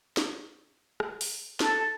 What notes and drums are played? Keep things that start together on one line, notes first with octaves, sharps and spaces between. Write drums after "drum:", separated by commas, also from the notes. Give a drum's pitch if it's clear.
drum: snare
drum: rim click
drum: open hi-hat
A4, drum: snare